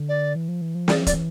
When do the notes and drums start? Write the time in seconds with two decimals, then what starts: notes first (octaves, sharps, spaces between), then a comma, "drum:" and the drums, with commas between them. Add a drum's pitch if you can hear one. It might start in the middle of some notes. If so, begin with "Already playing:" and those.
Already playing: D3
0.09 D5
0.35 E3
0.48 F3
0.61 E3
0.75 F3
0.88 E3 D5, drum: snare
1.01 F3
1.07 D5, drum: kick, hi-hat
1.14 E3